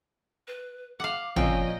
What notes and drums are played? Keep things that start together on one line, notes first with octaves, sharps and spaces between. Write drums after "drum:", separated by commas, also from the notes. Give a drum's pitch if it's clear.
B4
F5 F#5 D6
F2 A#2 F3 C4 C#4 D#5 G5 G#5, drum: tom